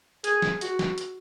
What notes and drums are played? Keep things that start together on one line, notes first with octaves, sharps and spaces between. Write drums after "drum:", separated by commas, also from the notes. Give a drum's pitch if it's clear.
G#4, drum: hi-hat
drum: snare
F#4, drum: hi-hat
drum: snare
drum: hi-hat